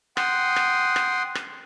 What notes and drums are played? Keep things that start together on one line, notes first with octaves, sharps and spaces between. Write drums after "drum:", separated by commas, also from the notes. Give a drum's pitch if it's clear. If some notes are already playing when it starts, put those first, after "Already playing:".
F#5 G5 C6 D#6, drum: rim click
drum: rim click
drum: rim click
drum: rim click